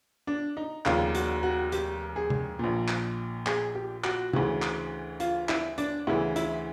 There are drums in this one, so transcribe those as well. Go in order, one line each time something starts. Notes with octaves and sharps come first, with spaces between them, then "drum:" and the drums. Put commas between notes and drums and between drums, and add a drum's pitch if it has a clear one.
D4
D#4
F1 D#2 C#3 F4, drum: clap
F#4, drum: hi-hat
F#4
G4, drum: hi-hat
G#4
drum: tom C3
A#1 A#2
drum: clap
G#4, drum: clap
G4
F#4, drum: clap
D2 C#3 E3, drum: tom C3
drum: clap
F4, drum: hi-hat
E4, drum: clap
D4, drum: hi-hat
D2 C#3 E3 E4
E4, drum: hi-hat